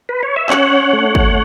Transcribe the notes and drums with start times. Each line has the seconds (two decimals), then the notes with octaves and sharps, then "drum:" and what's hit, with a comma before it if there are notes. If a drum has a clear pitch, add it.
0.09 B4
0.23 C#5
0.36 E5
0.50 C#4 C#5 F#5, drum: clap
0.93 A3
1.15 drum: kick